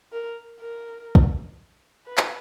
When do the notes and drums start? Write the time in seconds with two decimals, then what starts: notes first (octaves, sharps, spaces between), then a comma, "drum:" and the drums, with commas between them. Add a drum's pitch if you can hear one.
0.12 A#4
0.61 A#4
1.15 drum: kick
2.07 B4
2.18 drum: clap